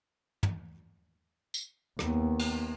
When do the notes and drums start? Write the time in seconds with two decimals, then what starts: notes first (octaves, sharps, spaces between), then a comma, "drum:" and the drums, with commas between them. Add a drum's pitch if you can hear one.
0.43 drum: tom
1.54 drum: tambourine
1.99 D#2 B3, drum: rim click
2.39 drum: cymbal